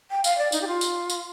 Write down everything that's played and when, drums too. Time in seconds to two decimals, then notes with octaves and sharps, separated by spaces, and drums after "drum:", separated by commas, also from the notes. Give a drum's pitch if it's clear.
0.11 G5
0.24 F5, drum: tambourine
0.38 D5
0.52 D#4, drum: tambourine
0.62 G4
0.68 F4
0.81 drum: tambourine
1.10 drum: tambourine